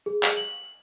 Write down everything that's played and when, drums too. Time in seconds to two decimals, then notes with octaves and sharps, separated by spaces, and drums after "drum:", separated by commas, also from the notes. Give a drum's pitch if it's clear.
0.06 G#4
0.23 drum: clap
0.37 F#7